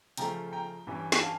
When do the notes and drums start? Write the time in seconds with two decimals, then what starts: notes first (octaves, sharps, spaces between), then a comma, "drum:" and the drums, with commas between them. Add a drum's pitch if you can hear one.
0.17 C#3 F3 A3 G5 A#5, drum: hi-hat
0.53 G5 A#5
0.87 G2 E3 G3 C#4
1.12 G5, drum: snare
1.22 F5 A5